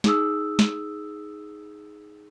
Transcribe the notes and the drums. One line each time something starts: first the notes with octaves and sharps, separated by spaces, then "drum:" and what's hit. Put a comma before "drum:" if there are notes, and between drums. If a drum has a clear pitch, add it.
D#4 G#4 D#6 E6, drum: snare
drum: snare